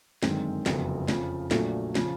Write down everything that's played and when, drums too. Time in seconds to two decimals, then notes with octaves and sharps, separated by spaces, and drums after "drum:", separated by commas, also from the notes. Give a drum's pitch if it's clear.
0.23 G1 F#2 D#3 G#3 C4, drum: snare
0.66 F#1 F2 D3 F#3 B3, drum: snare
1.08 F2 C#3 F3, drum: snare
1.51 A#1 A#2 F#3 A3, drum: snare
1.95 C#3 F3, drum: snare